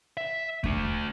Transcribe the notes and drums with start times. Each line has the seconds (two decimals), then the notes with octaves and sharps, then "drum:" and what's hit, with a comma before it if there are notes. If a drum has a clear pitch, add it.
0.17 E5
0.64 A3 D4, drum: kick D#2